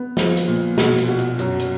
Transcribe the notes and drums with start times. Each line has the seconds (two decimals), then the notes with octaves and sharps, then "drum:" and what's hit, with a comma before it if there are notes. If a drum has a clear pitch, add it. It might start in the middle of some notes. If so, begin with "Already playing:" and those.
Already playing: B3
0.17 F3, drum: snare
0.37 drum: hi-hat
0.48 A#2
0.78 B2, drum: snare
0.98 drum: hi-hat
1.08 B2
1.19 drum: hi-hat
1.39 F#2, drum: hi-hat
1.59 drum: hi-hat